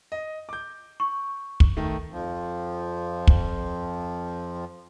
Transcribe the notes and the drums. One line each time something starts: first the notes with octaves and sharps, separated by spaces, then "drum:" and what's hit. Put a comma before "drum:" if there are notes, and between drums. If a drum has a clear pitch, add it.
D#5
D6 G6
C#6
drum: kick
D#3 A3
F2 F3
drum: kick